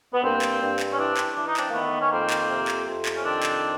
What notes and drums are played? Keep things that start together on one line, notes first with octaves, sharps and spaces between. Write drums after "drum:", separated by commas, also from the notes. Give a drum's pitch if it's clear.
B3
G2 A#3 C4
drum: clap
G2
drum: clap
C#4
E3 C4 D4
drum: clap
E3 D4
D#4
C4 D4, drum: clap
A#3
D#3 A3 B3
C#4
F2 A#3 C4
drum: clap
C3
drum: clap
F2
drum: clap
C#4
D#3 C4 D4
drum: clap